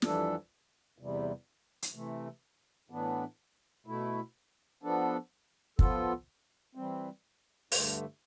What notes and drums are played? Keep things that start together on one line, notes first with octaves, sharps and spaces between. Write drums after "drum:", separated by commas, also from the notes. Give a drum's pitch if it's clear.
F2 E3 G3 D4 A4, drum: snare
E2 C3 G3
drum: hi-hat
C3 E3 A3
A2 E3 B3 D4
B2 A3 E4
F3 B3 D4 A4
F3 B3 F4 A4, drum: kick
E3 G3 C4
G2 D3 A3, drum: open hi-hat